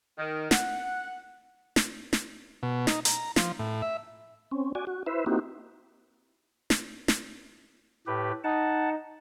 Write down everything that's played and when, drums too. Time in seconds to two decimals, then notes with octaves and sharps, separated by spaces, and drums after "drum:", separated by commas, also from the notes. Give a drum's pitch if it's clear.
0.18 D#3
0.51 F#5, drum: snare
1.76 drum: snare
2.13 drum: snare
2.63 B2
2.87 D#4, drum: snare
3.05 A#5, drum: hi-hat
3.36 F3, drum: snare
3.59 A2
3.82 E5
4.51 C4 C#4
4.75 F#4 D5 G#5
4.87 F#4
5.06 E4 B4 C5 E5
5.26 A#3 C4 D#4 E4 F#4 G4
6.70 drum: snare
7.08 drum: snare
8.07 A2 G4 B4
8.44 D#4 F#5 A5